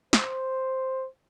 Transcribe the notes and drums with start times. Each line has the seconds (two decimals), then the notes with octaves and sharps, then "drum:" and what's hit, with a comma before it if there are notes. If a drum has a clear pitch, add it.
0.13 C5, drum: snare